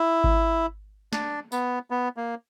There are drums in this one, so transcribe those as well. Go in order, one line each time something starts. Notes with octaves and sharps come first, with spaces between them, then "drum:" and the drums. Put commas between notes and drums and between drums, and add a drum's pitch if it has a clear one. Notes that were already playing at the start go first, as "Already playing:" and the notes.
Already playing: E4
drum: kick G#1
D4, drum: snare
B3, drum: tambourine
B3
A#3